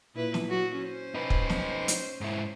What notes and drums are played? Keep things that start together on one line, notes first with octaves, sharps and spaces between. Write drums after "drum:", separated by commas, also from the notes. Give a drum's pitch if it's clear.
A#2 E4 B4
drum: snare
F#3 F#4
C#4 C5
D#4 B4
drum: kick
drum: snare
drum: hi-hat
G#2 E4